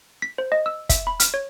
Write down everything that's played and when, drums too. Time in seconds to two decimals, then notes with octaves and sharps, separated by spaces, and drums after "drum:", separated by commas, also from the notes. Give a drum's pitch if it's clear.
0.22 B6
0.38 C5
0.52 D#5
0.66 E6
0.89 E5, drum: kick, hi-hat
1.07 B5
1.20 F6, drum: hi-hat
1.34 C#5